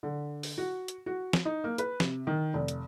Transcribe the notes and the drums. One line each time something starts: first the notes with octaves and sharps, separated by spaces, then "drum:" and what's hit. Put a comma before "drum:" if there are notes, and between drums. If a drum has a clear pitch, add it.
D3
drum: open hi-hat
F#4
drum: hi-hat
F#4
drum: snare
D#4
A#3
B4, drum: hi-hat
C3, drum: snare
D#3
F1
drum: hi-hat